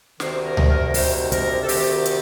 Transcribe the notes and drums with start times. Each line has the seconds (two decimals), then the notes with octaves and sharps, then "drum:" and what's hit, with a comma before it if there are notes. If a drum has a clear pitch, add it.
0.20 D2 C3 D#3 C5, drum: snare
0.45 A#4
0.57 drum: tom C#2
0.69 A#4
0.94 D2 C3 D#3 C5, drum: kick, open hi-hat
1.32 A#4, drum: kick, hi-hat
1.63 A4
1.69 D2 C3 D#3 G4, drum: open hi-hat
2.06 drum: hi-hat